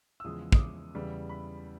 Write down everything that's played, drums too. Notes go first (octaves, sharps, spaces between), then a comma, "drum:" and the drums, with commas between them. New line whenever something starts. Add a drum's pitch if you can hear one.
E6
E2 C#3 F3 G#3 D#6
D#6, drum: kick
D6
E2 C#3 E3 G3
B5